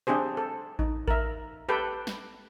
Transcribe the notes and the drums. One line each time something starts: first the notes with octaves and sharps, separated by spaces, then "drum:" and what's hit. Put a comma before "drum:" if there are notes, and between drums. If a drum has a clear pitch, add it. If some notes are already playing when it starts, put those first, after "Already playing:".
C4 D4 G4 G#4 C5
A4
D#4, drum: kick A1
A#4 E5, drum: kick A1
G4 A4 B4 G5
drum: snare